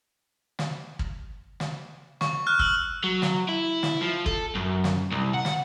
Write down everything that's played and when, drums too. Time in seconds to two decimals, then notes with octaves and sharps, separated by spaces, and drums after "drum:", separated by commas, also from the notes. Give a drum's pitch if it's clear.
0.59 drum: snare
0.99 drum: kick
1.60 drum: snare
2.21 C#6, drum: snare
2.47 F6 F#6
2.59 E6 F#7, drum: kick
3.04 F#3
3.22 drum: snare
3.48 E4
3.83 drum: snare
4.02 F3
4.26 A4, drum: kick
4.55 F#2
4.84 drum: snare
5.12 C2
5.34 F#5
5.45 drum: snare